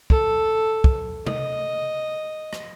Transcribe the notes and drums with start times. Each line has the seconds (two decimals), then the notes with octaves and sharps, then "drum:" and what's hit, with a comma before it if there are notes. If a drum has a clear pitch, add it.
0.10 A4, drum: kick
0.84 drum: kick
1.27 D#5, drum: tom C3
2.53 drum: rim click